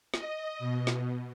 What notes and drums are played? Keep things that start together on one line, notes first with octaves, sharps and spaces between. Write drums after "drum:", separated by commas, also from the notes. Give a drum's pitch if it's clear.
D#5, drum: snare
B2
drum: snare